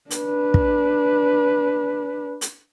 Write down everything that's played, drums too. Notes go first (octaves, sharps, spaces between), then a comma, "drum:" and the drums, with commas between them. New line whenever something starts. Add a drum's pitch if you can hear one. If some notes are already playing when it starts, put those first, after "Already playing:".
D4 B4, drum: hi-hat
drum: kick
drum: hi-hat